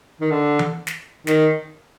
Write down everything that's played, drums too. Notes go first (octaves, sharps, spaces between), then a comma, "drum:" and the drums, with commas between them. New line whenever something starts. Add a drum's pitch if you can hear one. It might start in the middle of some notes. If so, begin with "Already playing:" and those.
D#3
D3
drum: tom E3
drum: snare
D#3, drum: snare